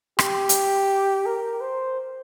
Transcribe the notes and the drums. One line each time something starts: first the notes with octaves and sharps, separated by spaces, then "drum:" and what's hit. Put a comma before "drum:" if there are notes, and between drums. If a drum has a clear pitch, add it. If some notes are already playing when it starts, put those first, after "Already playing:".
G4, drum: rim click
drum: hi-hat
A#4
C5